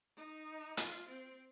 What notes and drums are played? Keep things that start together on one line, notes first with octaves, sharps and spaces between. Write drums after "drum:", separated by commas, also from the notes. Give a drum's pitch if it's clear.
D#4
F4, drum: hi-hat
C4